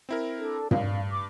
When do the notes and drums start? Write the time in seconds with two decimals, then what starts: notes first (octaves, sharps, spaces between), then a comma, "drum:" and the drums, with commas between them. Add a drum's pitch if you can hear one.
0.09 C4 E4 A#4
0.38 D4 A4
0.71 G2 D5 F5, drum: tom
1.11 D6